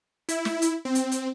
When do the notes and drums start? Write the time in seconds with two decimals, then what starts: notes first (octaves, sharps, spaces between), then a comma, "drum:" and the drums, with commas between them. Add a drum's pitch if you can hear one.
0.29 E4, drum: hi-hat
0.45 drum: snare
0.62 drum: hi-hat
0.85 C4
0.95 drum: hi-hat
1.12 drum: hi-hat